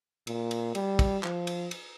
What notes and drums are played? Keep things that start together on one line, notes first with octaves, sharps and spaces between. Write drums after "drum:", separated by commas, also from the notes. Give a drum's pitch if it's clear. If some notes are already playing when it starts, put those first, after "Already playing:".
A#2, drum: cymbal
drum: cymbal
G3, drum: cymbal
drum: kick, cymbal
F3, drum: clap
drum: cymbal
drum: cymbal